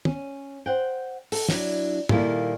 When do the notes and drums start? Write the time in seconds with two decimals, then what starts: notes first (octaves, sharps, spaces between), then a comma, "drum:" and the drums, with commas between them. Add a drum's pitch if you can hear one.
0.05 C#4, drum: tom
0.66 C5 F#5 G5
1.32 A4, drum: open hi-hat
1.49 F#3 D4 E4, drum: snare
2.09 A#2 D#3 G3 A#3 E4 A4, drum: tom